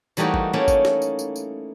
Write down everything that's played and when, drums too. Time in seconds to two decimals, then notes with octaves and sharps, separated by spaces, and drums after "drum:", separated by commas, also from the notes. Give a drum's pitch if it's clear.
0.17 E3 G3 A3 A#3 D#4 F#4, drum: tambourine
0.34 drum: kick G#1
0.53 A3 A#3 C#4 D#4 E4
0.68 drum: kick G#1, tambourine
0.85 drum: snare
1.02 drum: tambourine
1.19 drum: tambourine
1.36 drum: tambourine